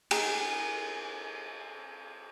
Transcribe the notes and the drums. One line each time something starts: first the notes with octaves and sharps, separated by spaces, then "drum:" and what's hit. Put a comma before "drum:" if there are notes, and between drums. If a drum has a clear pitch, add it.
G#4 A#4, drum: cymbal